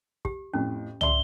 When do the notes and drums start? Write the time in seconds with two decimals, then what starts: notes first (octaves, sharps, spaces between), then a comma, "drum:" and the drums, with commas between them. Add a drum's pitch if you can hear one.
0.25 G4, drum: kick
0.54 F2 A2 C#4
1.01 D5 E5 C6 G7, drum: tom